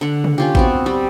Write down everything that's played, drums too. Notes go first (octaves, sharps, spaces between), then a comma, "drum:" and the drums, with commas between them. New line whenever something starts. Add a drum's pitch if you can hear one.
D3 F#5
drum: tom
C#4 F4 G4
B3 C4 F#4, drum: kick
G3